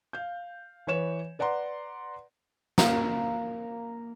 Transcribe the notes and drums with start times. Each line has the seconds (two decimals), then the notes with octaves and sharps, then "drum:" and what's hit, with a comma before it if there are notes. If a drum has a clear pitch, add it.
0.13 F5 G6
0.87 E3 B4 C#5 E7
1.39 B4 D5 F#5 A#5 C6
2.78 A#3 A#4, drum: snare